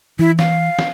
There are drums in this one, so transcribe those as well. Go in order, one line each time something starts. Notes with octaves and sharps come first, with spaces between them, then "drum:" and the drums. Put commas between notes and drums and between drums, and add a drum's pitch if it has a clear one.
E3 E4
F5, drum: snare
drum: snare